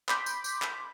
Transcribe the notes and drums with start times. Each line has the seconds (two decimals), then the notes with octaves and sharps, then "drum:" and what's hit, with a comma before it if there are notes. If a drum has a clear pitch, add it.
0.09 B5 C6 D6 G6 B6, drum: clap
0.26 drum: tambourine
0.44 drum: tambourine
0.62 drum: clap